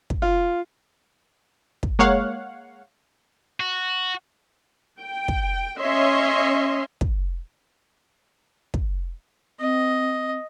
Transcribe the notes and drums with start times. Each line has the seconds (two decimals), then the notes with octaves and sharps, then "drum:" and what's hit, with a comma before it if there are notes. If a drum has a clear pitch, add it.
0.10 drum: kick
0.22 F4
1.83 drum: kick
1.99 G#3 A#3 C#5 F5 F#5
3.60 F#4
5.00 G5
5.28 drum: kick
5.78 C#4 C#5 D#5 E5 C6
7.01 drum: kick
8.74 drum: kick
9.60 C4 D#5